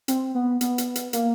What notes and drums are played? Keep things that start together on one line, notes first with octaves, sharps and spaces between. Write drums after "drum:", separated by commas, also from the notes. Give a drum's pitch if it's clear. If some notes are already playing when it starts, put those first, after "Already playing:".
C4, drum: hi-hat
B3
B3, drum: hi-hat
drum: hi-hat
drum: hi-hat
A#3, drum: hi-hat